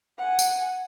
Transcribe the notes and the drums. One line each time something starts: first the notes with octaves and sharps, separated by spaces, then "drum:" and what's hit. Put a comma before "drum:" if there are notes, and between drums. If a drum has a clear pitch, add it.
F#5 G#5
drum: tambourine